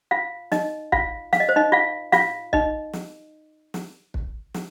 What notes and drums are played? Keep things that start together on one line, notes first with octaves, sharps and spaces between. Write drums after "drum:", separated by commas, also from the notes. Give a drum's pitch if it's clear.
F4 F5
D#4 D#5, drum: snare
F4 F5, drum: kick
F5, drum: snare
D#5
C5
D#4 D#5
F4 F5
F4 F5, drum: snare
D#4 D#5, drum: kick
drum: snare
drum: snare
drum: kick
drum: snare